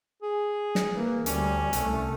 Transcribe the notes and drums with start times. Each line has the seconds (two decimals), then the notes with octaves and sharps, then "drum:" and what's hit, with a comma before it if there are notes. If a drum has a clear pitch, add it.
0.22 G#4
0.75 drum: snare
0.93 E3 A#3
1.26 D2 G3 C#4, drum: hi-hat
1.73 C2 A3, drum: hi-hat